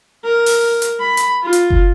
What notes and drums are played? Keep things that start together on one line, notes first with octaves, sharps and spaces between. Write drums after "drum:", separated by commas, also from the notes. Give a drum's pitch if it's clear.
A#4
drum: open hi-hat
drum: hi-hat
B5
drum: hi-hat
F4
drum: hi-hat
drum: kick F#1